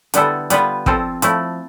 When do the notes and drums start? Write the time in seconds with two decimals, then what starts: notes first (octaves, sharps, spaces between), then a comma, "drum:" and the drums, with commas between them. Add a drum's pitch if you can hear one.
0.14 D3 G3 B3 E4 A4, drum: hi-hat
0.50 G3 B3 F4 B4, drum: hi-hat
0.86 F3 C4 F4 A4, drum: kick
1.22 F3 A3 E4, drum: hi-hat